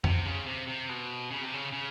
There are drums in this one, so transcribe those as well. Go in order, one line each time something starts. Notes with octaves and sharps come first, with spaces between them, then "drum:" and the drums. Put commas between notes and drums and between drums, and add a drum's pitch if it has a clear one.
C3, drum: tom F2
C#3
C3
C3
B2
C#3
C3
C#3
C#3